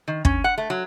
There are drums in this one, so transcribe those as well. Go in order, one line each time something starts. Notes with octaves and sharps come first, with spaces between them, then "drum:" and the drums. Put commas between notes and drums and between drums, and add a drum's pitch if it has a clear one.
D#3
C#4, drum: kick
F#5
A3
F#3